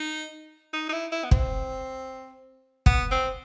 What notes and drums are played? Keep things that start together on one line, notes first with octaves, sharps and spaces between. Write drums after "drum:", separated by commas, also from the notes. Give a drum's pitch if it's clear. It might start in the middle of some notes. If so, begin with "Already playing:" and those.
Already playing: D#4
D#4
D#4
E4
E4
B3
C4, drum: kick
B3, drum: kick
C4